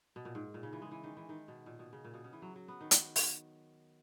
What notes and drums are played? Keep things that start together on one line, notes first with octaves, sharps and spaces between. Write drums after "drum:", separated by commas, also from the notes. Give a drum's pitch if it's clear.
B2
A#2
G#2
A#2
C#3
E3
G#3
E3
D#3
E3
D#3
B2
A#2
B2
C#3
A#2
B2
C#3
E3
F#3
F#3
B3
D#3
drum: hi-hat
drum: open hi-hat